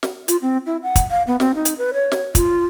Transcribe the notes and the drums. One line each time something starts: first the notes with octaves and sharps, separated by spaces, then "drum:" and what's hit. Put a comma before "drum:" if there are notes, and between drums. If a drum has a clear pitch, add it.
drum: snare
F4, drum: hi-hat
C4
E4
F#5
drum: kick, hi-hat
F5
B3
C4, drum: snare
D#4
drum: hi-hat
B4
C#5
drum: snare
F4, drum: kick, hi-hat